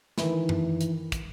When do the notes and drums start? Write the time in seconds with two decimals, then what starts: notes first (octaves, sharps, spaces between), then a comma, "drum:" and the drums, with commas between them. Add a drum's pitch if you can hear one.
0.18 D#3 E3 E4, drum: snare
0.49 drum: tom F#2
0.81 drum: hi-hat
1.12 drum: kick, hi-hat